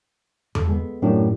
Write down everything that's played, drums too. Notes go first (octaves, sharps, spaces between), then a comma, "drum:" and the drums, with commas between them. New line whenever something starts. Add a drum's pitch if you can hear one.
A4, drum: tom E2
G#3 B3
F#2 A2 D4 G4